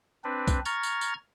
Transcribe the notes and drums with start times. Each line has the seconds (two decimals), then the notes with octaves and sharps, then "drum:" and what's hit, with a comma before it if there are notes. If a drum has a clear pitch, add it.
0.24 C4 D4 B4
0.48 drum: kick, tambourine
0.65 A#5 C#6 F6 G#6 A6, drum: tambourine
0.83 drum: tambourine
1.01 drum: tambourine